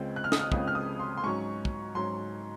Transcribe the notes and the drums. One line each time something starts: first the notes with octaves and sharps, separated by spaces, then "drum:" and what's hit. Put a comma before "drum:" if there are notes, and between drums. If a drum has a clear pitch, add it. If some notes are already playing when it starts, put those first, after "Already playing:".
Already playing: C#2 C#3 G#3 C4
F#6
F6
D#6, drum: snare
F6
C#2 C#3 G#3 C4 D#6, drum: kick
F6
D#6
C6
C6
G#2 F#3 C#4 C#6
drum: kick
G#2 F#3 C#4 C6